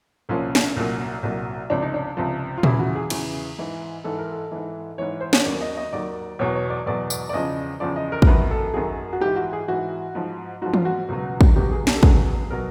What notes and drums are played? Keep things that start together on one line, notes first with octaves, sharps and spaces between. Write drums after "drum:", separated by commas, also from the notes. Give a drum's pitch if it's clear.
C2 A#2 F3 C#4
drum: snare
C2 A#2 F#3
C2 A#2 F#3
C#2 C3 F3 D4
D#4
D4
C#2 C3 F3
F4
E2 C#3 E3 E4, drum: tom A#2
F#4
G#4
E2 C#3 E3, drum: cymbal
G#2 E3
G#2 E3 A4
A#4
A4
G#2 E3
G#2 E3 C#5
C5
C#5, drum: snare
D#2 D#3 F#3 D5
D#5
D#5
D#2 D#3 F#3 D5
E2 B2 F#3 C#5
C#5
D5
E2 B2 F#3 D5
D5, drum: tambourine
D5
E2 C#3 F3 D#5
E2 C#3 F3 D5
D#5
A#4
A#4, drum: kick
F#2 D#3 F#3 B4
A4
F#2 D#3 F#3 G#4
F#4
G#2 E3 G4
F#4
G#4
G#2 E3 F#4
G#2 F3
G#2 F3 F#4
F4, drum: tom E3
F#4
C#2 B2 F#3
drum: kick
C#2 B2 F#3 G4
G#4
G4, drum: snare
A4
C#2 B2 F#3 G#4, drum: kick
B2 F#3 A#4